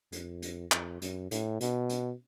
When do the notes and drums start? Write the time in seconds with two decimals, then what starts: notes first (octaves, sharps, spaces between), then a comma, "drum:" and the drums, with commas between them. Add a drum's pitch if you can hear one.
0.12 F2, drum: hi-hat
0.42 drum: hi-hat
0.72 F2, drum: clap
1.02 F#2, drum: hi-hat
1.31 A2, drum: hi-hat
1.61 B2, drum: hi-hat
1.89 drum: hi-hat